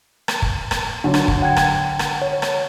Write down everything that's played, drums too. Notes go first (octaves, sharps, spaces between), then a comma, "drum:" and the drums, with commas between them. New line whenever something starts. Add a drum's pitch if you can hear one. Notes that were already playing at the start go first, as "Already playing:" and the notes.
drum: rim click
drum: kick
drum: rim click
D3 F#3
drum: rim click
drum: kick
F#5 G5 G#6
drum: rim click
drum: rim click
C#5
drum: rim click